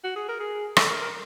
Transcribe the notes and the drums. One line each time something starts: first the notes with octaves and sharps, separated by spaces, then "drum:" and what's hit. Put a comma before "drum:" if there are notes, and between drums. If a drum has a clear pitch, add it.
F#4
G#4
A#4
G#4
A4, drum: rim click
A#4
A#4